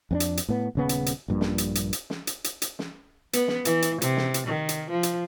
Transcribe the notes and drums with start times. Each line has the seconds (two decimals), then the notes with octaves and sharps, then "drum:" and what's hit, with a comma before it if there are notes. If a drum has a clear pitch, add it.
0.11 F2 C4 D4
0.20 drum: hi-hat
0.37 drum: hi-hat
0.49 A2 B3
0.75 D#1 C#3 B3
0.89 drum: hi-hat
1.06 drum: hi-hat
1.28 A#1 G2 A#2
1.41 drum: snare
1.58 drum: hi-hat
1.75 drum: hi-hat
1.93 drum: hi-hat
2.10 drum: snare
2.27 drum: hi-hat
2.44 drum: hi-hat
2.62 drum: hi-hat
2.79 drum: snare
3.33 B3, drum: hi-hat
3.48 drum: snare
3.65 E3, drum: hi-hat
3.82 drum: hi-hat
4.02 C3, drum: hi-hat
4.17 drum: snare
4.34 drum: hi-hat
4.47 D#3
4.69 drum: hi-hat
4.91 F3
5.03 drum: hi-hat